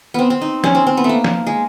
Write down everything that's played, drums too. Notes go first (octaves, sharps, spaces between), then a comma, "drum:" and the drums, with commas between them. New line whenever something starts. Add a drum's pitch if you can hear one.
B3 C4
C4
D#4
C#4, drum: snare
C4
C4
B3
A3 A#3
drum: snare
G#3